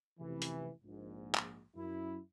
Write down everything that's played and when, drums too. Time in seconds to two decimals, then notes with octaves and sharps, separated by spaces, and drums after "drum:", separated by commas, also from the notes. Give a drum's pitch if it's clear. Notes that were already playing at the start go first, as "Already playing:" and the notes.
0.19 A1 F2 C3 E3
0.42 drum: hi-hat
0.84 A#1 G#2
1.35 drum: clap
1.76 F#2 E4